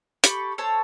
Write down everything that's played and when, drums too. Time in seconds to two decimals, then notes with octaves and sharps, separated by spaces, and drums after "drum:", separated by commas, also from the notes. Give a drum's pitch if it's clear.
0.24 G4 A4 B5 C#6, drum: hi-hat
0.58 A4 C5 C#5 A5